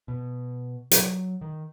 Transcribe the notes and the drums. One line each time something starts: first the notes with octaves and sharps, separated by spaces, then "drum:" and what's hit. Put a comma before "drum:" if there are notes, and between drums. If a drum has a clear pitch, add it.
B2
F#3, drum: hi-hat
D#3